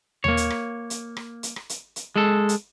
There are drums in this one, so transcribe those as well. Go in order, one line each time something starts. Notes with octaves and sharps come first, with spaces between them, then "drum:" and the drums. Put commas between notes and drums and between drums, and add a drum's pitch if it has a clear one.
A#3 C#5, drum: tom D#2
drum: hi-hat
drum: rim click
drum: hi-hat
drum: rim click
drum: hi-hat
drum: rim click
drum: hi-hat
drum: hi-hat
G#3 A4
drum: hi-hat